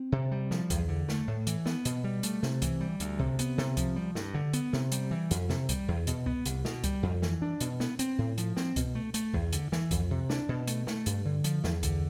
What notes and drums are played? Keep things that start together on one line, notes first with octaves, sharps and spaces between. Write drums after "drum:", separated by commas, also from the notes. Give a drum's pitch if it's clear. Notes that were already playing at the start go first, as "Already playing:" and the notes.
Already playing: C4
C3
G3
F3, drum: snare
E2, drum: kick C2, hi-hat
D3
A3, drum: snare
A2
E3, drum: hi-hat
B3, drum: snare
B2, drum: hi-hat
G3
A3, drum: hi-hat
C3, drum: snare
E3, drum: kick C2, hi-hat
G3
D2, drum: hi-hat
C3, drum: kick C2
B3, drum: hi-hat
C3, drum: snare
F3, drum: kick C2, hi-hat
G3
G2, drum: snare
D3
B3, drum: hi-hat
C3, drum: snare
G3, drum: hi-hat
E3
F2, drum: hi-hat
C3, drum: snare
G3, drum: kick C2, hi-hat
E2
B2, drum: hi-hat
B3, drum: kick C2
C2, drum: hi-hat
B2, drum: snare
G3, drum: kick C2, hi-hat
F2
E3, drum: snare
D4
B2, drum: hi-hat
B3, drum: snare
C4, drum: hi-hat
A2
F3, drum: hi-hat
C4, drum: snare
B2, drum: kick C2, hi-hat
A3
A3, drum: hi-hat
E2, drum: kick C2
D3, drum: hi-hat
E3, drum: snare
F2, drum: kick C2, hi-hat
C3
D4, drum: snare
B2
A3, drum: hi-hat
A3, drum: snare
G2, drum: hi-hat
D3
F3, drum: hi-hat
E2, drum: snare
D3, drum: kick C2, hi-hat